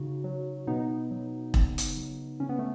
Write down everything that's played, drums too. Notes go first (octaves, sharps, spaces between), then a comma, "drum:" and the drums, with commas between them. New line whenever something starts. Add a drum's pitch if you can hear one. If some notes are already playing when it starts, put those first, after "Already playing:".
Already playing: C#3 D#4 F#4
F#3
B2 B3 D#4
F#3
C#3, drum: kick E1
drum: hi-hat
F#3
C#3 C#4
B3
A3 C#4